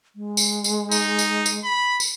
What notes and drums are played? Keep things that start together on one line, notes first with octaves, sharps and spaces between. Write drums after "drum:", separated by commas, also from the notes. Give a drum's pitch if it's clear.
G#3
drum: tambourine
drum: tambourine
D#4, drum: tambourine
drum: tambourine
drum: tambourine
B5
drum: tambourine